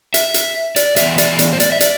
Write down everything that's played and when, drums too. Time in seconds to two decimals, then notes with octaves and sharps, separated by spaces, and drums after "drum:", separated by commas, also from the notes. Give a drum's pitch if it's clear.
0.14 E5, drum: hi-hat
0.34 drum: hi-hat
0.76 D5, drum: hi-hat
0.96 A2 E3 B3 E5, drum: hi-hat
1.18 D5, drum: hi-hat
1.39 drum: hi-hat
1.53 C5
1.60 D5, drum: hi-hat
1.72 E5
1.80 D5, drum: hi-hat